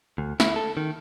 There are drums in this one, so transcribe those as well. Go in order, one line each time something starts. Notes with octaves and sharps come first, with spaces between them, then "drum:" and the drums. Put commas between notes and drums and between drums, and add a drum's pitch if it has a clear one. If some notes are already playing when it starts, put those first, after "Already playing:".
D2
E4, drum: snare
A4
D#3